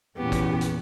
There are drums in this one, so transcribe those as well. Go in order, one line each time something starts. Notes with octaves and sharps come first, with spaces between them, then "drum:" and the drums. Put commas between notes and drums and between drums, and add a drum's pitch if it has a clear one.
E2 A#2 B3 C#4 G4
drum: kick, hi-hat
drum: hi-hat